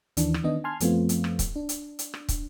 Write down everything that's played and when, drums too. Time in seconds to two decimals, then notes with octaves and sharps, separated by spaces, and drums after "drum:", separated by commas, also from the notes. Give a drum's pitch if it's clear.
0.17 D#2 D#3 E3 D4, drum: hi-hat
0.34 drum: rim click
0.44 D#3 B3 D4 D#5
0.64 G#5 A5 C6 F6 G#6
0.80 F#2 F3 A3 B3 C4 F4, drum: hi-hat
1.09 drum: hi-hat
1.24 drum: rim click
1.39 drum: kick, hi-hat
1.56 D4
1.69 drum: hi-hat
1.99 drum: hi-hat
2.14 drum: rim click
2.29 drum: kick, hi-hat